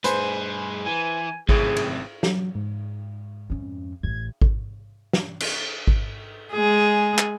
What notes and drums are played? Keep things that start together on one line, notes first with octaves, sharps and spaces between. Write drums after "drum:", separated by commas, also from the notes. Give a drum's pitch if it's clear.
G2 G#4 B4 C5, drum: hi-hat
E3 G#5
G#1 F#2 A2 C3 G#4, drum: kick G#1
drum: cymbal
F#3, drum: snare
G#2
F2 C#4
A1 A2 G#6
drum: kick G#1
drum: snare
drum: cymbal
drum: kick G#1
G#3 G#4
drum: clap